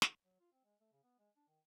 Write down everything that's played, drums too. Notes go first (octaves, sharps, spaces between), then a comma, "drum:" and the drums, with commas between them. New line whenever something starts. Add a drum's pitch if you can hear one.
drum: snare
F#3
F4
C4
G#3
A3
C#3
B3
G#3
D4
D#3